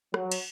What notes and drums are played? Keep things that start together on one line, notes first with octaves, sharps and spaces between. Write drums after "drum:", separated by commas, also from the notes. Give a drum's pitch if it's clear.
F#3, drum: rim click
drum: cymbal